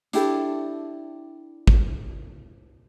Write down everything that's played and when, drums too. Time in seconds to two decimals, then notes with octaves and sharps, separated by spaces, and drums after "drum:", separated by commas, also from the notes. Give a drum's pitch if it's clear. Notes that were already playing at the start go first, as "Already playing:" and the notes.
0.13 D4 E4 G4 A4, drum: hi-hat
1.67 drum: kick G#1